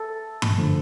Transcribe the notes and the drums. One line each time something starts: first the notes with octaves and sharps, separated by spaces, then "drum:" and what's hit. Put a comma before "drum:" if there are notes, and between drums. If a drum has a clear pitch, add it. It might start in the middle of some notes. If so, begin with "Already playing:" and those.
Already playing: A4
drum: tom G2
D3 F3 A3